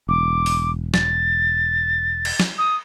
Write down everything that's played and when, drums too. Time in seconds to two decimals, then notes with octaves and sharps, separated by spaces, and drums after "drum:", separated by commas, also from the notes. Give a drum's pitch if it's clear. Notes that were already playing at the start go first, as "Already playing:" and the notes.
0.09 E1 D6
0.46 drum: open hi-hat
0.94 A6, drum: snare
2.25 drum: cymbal
2.40 drum: snare
2.58 D#6